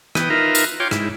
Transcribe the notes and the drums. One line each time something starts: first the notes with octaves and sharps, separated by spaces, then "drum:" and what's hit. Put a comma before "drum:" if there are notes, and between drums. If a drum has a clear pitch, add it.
E3 B3 G5 D#6, drum: rim click
D#4 F4 A#4 B4 E5 A#5
drum: tambourine
F4 C#5 G5 C6 D6
G#2 E4, drum: rim click